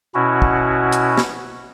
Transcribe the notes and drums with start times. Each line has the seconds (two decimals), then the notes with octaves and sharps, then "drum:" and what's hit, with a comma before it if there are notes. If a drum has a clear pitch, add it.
0.15 B2 C#4 E4 F#4
0.42 drum: kick
0.92 drum: hi-hat
1.18 drum: snare